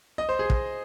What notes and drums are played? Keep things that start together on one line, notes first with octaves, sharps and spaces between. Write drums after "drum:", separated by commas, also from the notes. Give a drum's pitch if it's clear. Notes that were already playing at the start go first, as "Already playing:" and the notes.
D#5
C5
G#4
drum: kick